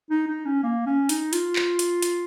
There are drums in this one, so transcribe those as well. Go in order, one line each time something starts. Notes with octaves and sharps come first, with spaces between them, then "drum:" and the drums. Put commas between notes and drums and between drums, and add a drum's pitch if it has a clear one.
D#4
D#4
C#4
A#3
C#4
D#4, drum: hi-hat
F4, drum: hi-hat
drum: clap
drum: hi-hat
drum: hi-hat